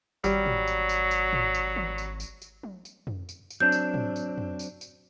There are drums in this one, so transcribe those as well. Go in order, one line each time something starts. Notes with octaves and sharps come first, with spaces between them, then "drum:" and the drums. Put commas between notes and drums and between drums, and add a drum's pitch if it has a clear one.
G#1 F#3 G3, drum: tambourine
drum: tom
drum: tambourine
drum: tambourine
drum: tambourine
drum: tom
drum: tambourine
drum: tom
drum: tambourine
drum: tambourine
drum: tambourine
drum: tom
drum: tambourine
drum: tom
drum: tambourine
drum: tambourine
F#3 C4 D4 G6
drum: tambourine
drum: tom
drum: tambourine
drum: tom
drum: tambourine
drum: tambourine